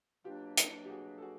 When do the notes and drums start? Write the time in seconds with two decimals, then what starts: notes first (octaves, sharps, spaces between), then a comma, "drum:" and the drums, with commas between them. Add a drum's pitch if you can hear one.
0.24 B2 F#3 A#3 D4 F4 G4
0.57 drum: hi-hat
0.85 G4
0.90 F#4 G#4
1.18 A4
1.22 F#4 G#4